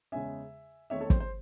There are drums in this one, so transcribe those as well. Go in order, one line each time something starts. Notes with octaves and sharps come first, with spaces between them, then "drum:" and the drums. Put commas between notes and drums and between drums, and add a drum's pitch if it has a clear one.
E2 C#3 G#3 C#4 E5 G#5
E2 D#3 A3 C4 D#4 C#5 E5
A4 C#5
C5, drum: kick
C5